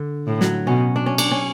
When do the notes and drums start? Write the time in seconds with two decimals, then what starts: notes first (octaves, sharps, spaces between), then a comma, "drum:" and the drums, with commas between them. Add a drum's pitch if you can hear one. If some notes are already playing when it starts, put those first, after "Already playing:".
Already playing: D3
0.27 A2
0.41 F#3, drum: snare
0.67 B2 C#4
0.96 D4
1.06 C#4
1.18 D4, drum: cymbal
1.31 C#4